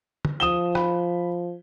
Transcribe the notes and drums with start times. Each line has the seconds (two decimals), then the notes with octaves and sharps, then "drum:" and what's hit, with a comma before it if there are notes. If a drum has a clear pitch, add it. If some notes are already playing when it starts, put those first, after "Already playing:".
0.25 drum: tom
0.40 F3 D#6 E7 G7
0.75 B5, drum: rim click